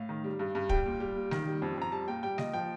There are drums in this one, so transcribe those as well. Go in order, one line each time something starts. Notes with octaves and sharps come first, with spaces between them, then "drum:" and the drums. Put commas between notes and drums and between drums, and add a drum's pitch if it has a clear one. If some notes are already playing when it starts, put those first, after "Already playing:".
Already playing: A2 F5
D#3
G3
G2
G2
G3 G5, drum: kick
A#2
G3
A#2
D#3, drum: snare G3
G3
F2
F2 A#5
G3 A5
A#2 G5
G3 G5
A#2 D#5, drum: snare G3
F3 G5